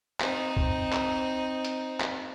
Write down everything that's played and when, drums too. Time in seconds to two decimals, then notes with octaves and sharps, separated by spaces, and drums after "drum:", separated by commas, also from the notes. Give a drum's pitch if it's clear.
0.21 C4 D#4, drum: clap
0.57 drum: kick C2
0.93 drum: clap
1.65 drum: hi-hat
2.01 drum: clap